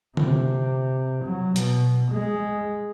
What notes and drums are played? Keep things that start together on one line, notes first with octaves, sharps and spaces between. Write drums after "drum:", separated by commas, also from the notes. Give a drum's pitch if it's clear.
C3, drum: tom D3
F#3
B2, drum: hi-hat
G#3